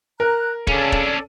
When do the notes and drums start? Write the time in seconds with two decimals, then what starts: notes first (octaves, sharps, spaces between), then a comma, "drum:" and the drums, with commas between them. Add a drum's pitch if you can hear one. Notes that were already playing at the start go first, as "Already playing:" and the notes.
0.20 A#4 A#5 F#6
0.67 C#3 C#4 D4 A4 D5, drum: kick E1
0.92 drum: kick E1